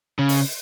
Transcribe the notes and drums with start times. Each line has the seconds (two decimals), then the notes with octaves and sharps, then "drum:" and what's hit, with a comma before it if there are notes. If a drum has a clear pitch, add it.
0.19 C#3
0.29 drum: open hi-hat